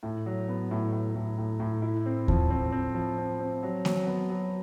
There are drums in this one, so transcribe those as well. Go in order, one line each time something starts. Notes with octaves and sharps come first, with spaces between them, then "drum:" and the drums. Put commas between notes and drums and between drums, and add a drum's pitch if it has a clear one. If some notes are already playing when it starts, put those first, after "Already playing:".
A2
F#3
B3
A2
A2
A2
A2
A2
E4
C4
F3, drum: kick D#2
C4
C4
F3
C4
C4
F#3
F#3, drum: snare A#3
B3
F#3